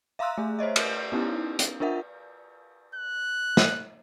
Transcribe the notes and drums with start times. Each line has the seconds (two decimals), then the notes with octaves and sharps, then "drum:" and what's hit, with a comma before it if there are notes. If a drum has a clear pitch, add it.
0.19 E5 F5 A#5 C6 E6 F#6
0.38 A3 G#4
0.59 C5 C#5 D#5 E5
0.76 drum: cymbal
1.12 B3 C#4 D#4 E4 G4
1.59 drum: hi-hat
1.80 D4 F4 A#4 E5 F#5
2.95 F#6
3.57 drum: snare